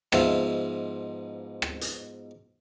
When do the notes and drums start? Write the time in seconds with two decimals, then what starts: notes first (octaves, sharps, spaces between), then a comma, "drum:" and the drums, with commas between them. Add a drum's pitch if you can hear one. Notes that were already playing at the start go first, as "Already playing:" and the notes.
0.12 G#2 B2 F3 E5 F5, drum: rim click
1.62 drum: rim click
1.81 drum: hi-hat